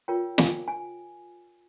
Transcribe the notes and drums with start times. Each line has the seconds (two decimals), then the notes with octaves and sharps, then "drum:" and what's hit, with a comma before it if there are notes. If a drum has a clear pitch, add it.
0.08 F4 A#4 C#5 G5
0.38 G#5, drum: snare
0.68 G#5